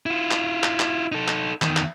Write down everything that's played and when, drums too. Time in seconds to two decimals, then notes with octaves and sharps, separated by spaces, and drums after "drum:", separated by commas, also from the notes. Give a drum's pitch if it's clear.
0.06 E4 F4
0.31 drum: clap
0.64 drum: clap
0.80 drum: clap
1.12 D#4 A4
1.28 drum: clap
1.62 E2 D#3, drum: clap
1.77 drum: clap